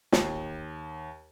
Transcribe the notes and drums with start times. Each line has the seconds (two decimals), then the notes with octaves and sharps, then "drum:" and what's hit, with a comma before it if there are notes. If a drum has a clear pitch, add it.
0.13 D#2, drum: snare